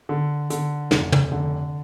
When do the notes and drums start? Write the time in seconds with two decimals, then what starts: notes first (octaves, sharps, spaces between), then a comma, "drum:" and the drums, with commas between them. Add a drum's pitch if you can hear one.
0.09 D3
0.50 D3, drum: hi-hat
0.91 F1, drum: snare
1.12 drum: tom
1.32 D3